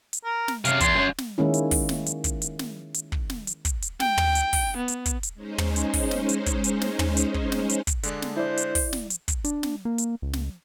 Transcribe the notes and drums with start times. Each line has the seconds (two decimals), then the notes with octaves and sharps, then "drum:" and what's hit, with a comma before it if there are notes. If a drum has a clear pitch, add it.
0.13 drum: hi-hat
0.24 A#4
0.48 drum: snare
0.65 F#2 C3 F5, drum: hi-hat
0.80 E2 C6, drum: kick, hi-hat
0.96 F#2
1.18 drum: snare
1.38 D#3 G#3 A#3 C#4 E4
1.54 drum: hi-hat
1.71 drum: kick, open hi-hat
1.89 drum: snare
2.06 drum: hi-hat
2.24 drum: kick, hi-hat
2.42 drum: hi-hat
2.59 drum: snare
2.94 drum: hi-hat
3.12 drum: kick
3.30 drum: snare
3.47 drum: hi-hat
3.65 drum: kick, hi-hat
3.82 drum: hi-hat
4.00 G5, drum: snare
4.18 drum: tom
4.35 drum: hi-hat
4.53 drum: kick, open hi-hat
4.77 B3
4.88 drum: hi-hat
5.06 drum: kick, hi-hat
5.23 drum: hi-hat
5.34 G#3 C#4 D#4 C5
5.58 drum: tom
5.76 drum: hi-hat
5.94 drum: kick, open hi-hat
6.11 drum: snare
6.29 drum: hi-hat
6.46 drum: kick, hi-hat
6.64 drum: hi-hat
6.81 drum: snare
6.99 drum: tom
7.17 drum: hi-hat
7.34 drum: kick
7.52 drum: snare
7.69 drum: hi-hat
7.87 drum: kick, hi-hat
8.03 D3 G#3 D4, drum: hi-hat
8.22 drum: snare
8.37 E4 C5 D5
8.57 drum: hi-hat
8.75 drum: kick, open hi-hat
8.93 drum: snare
9.10 drum: hi-hat
9.28 drum: kick, hi-hat
9.44 D4, drum: hi-hat
9.63 drum: snare
9.85 A#3
9.98 drum: hi-hat
10.22 C#2
10.33 drum: snare